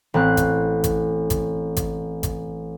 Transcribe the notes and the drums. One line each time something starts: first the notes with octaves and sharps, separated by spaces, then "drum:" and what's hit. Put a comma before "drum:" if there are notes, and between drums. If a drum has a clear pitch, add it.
A1 C4 F#6
drum: kick G#1, hi-hat
drum: kick G#1, hi-hat
drum: kick G#1, hi-hat
drum: kick G#1, hi-hat
drum: kick G#1, hi-hat